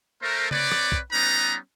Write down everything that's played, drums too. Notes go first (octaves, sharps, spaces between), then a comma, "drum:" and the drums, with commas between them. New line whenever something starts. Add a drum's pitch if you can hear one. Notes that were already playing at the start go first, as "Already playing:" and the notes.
A3 A#4 C5
C4 B4 C#5 D5, drum: tom C#3
drum: rim click
drum: kick
G3 B3 C#4 D#4 B4 A#5